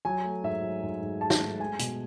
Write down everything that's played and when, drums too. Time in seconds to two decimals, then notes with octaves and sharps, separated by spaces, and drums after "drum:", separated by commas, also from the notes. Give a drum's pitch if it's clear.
0.05 F#3 G#5
0.24 A3
0.44 G#2 E5
0.63 F#3
0.83 G#2
1.02 G#2
1.21 G#2 A5
1.30 drum: snare
1.41 A3
1.60 G#3 G#5
1.79 B2, drum: hi-hat